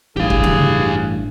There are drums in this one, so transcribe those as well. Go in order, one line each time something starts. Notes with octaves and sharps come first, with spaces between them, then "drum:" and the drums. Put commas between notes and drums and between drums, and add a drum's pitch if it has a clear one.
A1 G2 G4 G#4 F5
drum: kick
drum: tom C#3